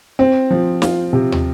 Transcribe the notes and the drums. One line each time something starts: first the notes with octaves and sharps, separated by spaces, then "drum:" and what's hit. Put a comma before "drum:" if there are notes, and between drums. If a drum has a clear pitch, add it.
C4
F3
F4, drum: snare
C3
drum: tom